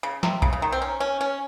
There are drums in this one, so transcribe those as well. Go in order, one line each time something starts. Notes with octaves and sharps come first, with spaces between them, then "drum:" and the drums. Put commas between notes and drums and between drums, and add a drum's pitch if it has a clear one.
C#3
C3, drum: snare
C#3, drum: kick B1
C#3
D#3
C4
C#4
C#4
C#4